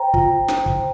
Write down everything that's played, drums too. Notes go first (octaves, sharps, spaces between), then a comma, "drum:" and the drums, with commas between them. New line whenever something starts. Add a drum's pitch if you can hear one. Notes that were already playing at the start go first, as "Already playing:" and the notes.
Already playing: C5 G5 A#5
F4, drum: kick
C5, drum: snare
drum: kick